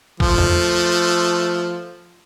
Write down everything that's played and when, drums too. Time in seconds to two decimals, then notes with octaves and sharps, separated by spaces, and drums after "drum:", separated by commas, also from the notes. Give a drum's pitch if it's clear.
0.20 F3 A3, drum: kick
0.38 drum: tom E2